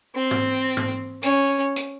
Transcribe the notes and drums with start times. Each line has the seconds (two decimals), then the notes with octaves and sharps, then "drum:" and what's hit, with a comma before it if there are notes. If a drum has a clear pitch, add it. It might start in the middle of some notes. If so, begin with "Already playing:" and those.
0.16 C4
0.31 drum: tom G#2
0.77 drum: tom G#2
1.23 C#4, drum: hi-hat
1.76 drum: hi-hat